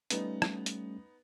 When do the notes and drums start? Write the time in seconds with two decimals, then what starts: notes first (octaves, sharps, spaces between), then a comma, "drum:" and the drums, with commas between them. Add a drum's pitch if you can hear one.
0.10 G3 A3 B3 C#4 D#4, drum: hi-hat
0.42 drum: rim click
0.66 drum: hi-hat